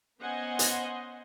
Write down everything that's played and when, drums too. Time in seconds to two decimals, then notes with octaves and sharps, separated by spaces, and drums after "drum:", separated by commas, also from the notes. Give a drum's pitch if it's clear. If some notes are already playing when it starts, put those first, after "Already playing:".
0.21 B3 C#4 C5 D#5 F#5 G#5
0.59 drum: hi-hat